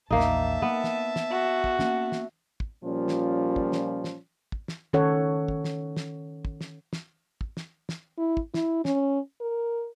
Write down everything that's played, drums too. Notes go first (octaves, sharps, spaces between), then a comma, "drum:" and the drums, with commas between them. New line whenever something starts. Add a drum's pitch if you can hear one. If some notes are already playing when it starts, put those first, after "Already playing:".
A#1 E2 A#3 D#4 E5 A5
drum: snare
A#3 B3
drum: snare
drum: snare
F#4
drum: kick
A#3 C#4, drum: snare
drum: snare
drum: kick
A#2 F3 G3 C#4
drum: snare
drum: kick
drum: snare
drum: snare
drum: kick
drum: snare
D#3 C#4 A4 C#5 F#5
drum: kick
drum: snare
drum: snare
drum: kick
drum: snare
drum: snare
drum: kick
drum: snare
drum: snare
E4
drum: kick
E4, drum: snare
C#4, drum: snare
A#4